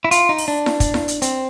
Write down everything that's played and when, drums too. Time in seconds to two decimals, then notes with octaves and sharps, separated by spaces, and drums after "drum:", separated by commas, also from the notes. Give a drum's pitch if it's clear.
0.05 E4
0.11 F4, drum: hi-hat
0.29 D#4
0.38 drum: open hi-hat
0.48 D4
0.66 drum: snare E4
0.80 drum: kick, hi-hat
0.94 drum: snare E4
1.08 drum: hi-hat
1.22 C4, drum: hi-hat